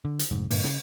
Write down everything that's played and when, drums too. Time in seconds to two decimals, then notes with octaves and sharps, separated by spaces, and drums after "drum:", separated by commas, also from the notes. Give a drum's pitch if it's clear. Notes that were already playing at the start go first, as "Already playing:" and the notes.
0.05 D3
0.19 drum: hi-hat
0.31 F1 G#2
0.51 G2 A#2 D3 A#3, drum: open hi-hat
0.64 C#3, drum: snare